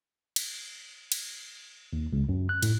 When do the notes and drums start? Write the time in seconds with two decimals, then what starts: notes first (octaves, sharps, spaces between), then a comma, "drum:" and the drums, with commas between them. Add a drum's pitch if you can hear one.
0.36 drum: cymbal
1.12 drum: cymbal
1.93 D#2
2.13 C#2
2.29 F#2
2.49 F#6
2.62 A2, drum: cymbal